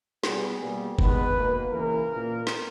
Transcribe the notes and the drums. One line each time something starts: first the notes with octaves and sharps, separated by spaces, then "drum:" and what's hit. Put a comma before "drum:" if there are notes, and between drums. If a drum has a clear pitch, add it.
B2 G3 B3 G#4, drum: snare
B2 G3 A#3
D#3 G#3 B3 B4, drum: kick F#1
B2 A#3
C#3 E3 A#3 A#4
A#2 A#3
drum: snare